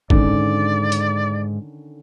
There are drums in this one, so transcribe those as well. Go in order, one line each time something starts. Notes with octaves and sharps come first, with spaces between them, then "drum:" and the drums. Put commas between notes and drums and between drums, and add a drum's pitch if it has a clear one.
G#2 D3 D#3 C#4 D5, drum: kick
drum: hi-hat